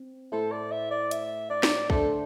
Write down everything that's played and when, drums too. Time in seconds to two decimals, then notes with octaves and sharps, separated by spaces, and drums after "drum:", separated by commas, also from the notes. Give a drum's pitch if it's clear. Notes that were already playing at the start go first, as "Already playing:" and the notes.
Already playing: C4
0.32 A2 A3 E4 A4 C5
0.52 D5
0.72 E5
0.91 D5
1.11 E5, drum: hi-hat
1.50 D5
1.63 drum: snare
1.90 D3 A3 D4 A4 C5, drum: kick